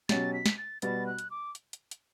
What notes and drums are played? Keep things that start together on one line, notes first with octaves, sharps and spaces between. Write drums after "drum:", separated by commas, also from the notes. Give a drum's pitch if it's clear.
B2 F#3 C#4 G4 A6, drum: snare
B6
drum: snare
A6
B2 G3 B3 F#4 A6, drum: hi-hat
F#6
drum: hi-hat
D6
drum: hi-hat
drum: hi-hat
drum: hi-hat